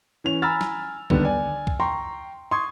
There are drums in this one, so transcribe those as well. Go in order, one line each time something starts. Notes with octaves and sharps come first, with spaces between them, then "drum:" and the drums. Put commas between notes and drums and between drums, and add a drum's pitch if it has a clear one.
E3 C#4 F7
G#5 A#5 B5 E6 F6 A6
drum: snare
D#2 D3 G3 B3, drum: kick C2
D5 G#5
drum: kick C2
G5 A#5 C6 C#6
C6 C#6 D#6 G#6